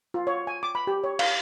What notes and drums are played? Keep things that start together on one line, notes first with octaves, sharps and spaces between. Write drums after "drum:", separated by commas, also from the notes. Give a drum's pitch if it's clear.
F4
C#5
G#5
D6
B5
G4
C#5
F5, drum: cymbal